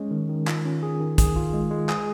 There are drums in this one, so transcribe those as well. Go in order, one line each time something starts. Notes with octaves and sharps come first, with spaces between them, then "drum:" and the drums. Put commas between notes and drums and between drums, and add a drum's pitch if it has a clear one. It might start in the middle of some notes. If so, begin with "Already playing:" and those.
Already playing: G#3 C#4
D#3
D#3
F4, drum: clap
C#4
G#4
D#3
G#4, drum: kick, hi-hat
F4
G#3
G#3
G#4, drum: clap